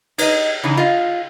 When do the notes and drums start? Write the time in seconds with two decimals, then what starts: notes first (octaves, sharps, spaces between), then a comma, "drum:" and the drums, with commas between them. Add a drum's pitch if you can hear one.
0.18 D#4 D#5, drum: cymbal
0.63 C#3 E3 D#4
0.77 F4 D#5 F5